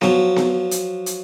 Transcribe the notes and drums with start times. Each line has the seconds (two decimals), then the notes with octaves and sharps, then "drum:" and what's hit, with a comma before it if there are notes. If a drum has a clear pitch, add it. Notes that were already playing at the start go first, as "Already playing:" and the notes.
0.01 F3 F#3, drum: snare B3
0.36 drum: snare B3
0.71 drum: hi-hat
1.06 drum: hi-hat